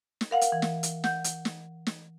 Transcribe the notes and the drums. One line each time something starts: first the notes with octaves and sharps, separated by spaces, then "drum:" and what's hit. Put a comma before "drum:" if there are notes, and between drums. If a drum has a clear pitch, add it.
drum: snare
A#4 F5 F#5
drum: hi-hat
E3
drum: snare
drum: hi-hat
F#5 G6, drum: snare
drum: hi-hat
drum: snare
drum: snare